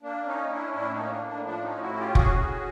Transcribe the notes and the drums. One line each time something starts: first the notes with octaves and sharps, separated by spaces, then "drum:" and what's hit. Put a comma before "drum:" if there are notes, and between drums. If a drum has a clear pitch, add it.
A#3 D4
C#4 D#4
C#4 D4 E4
A2 D4 E4
C#4 D#4
A#3
D4
A2
D4
F3 D4
C#4 D#4
A2
E4 F#4
C#4 F#4
F4 G4
A2 F#4 G#4, drum: kick F1
C#4